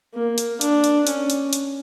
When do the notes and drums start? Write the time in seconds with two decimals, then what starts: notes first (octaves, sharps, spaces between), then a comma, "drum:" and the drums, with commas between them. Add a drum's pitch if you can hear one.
0.14 A#3
0.38 drum: hi-hat
0.61 D4, drum: hi-hat
0.84 drum: hi-hat
1.07 C#4, drum: hi-hat
1.30 drum: hi-hat
1.53 drum: hi-hat